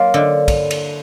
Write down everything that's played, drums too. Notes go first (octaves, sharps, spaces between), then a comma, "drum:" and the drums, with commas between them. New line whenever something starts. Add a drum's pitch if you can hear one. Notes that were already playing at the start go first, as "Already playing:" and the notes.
Already playing: F#3 A#3 F4
D3
drum: kick, cymbal
drum: cymbal